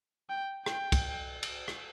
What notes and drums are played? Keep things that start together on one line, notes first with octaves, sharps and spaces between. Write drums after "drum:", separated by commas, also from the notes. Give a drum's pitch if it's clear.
G5
G5, drum: rim click
drum: kick, cymbal
drum: cymbal
drum: rim click